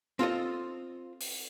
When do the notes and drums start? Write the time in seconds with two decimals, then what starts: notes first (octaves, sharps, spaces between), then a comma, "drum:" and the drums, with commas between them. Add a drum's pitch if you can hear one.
0.19 C4 F4 A4 D#5
1.21 drum: open hi-hat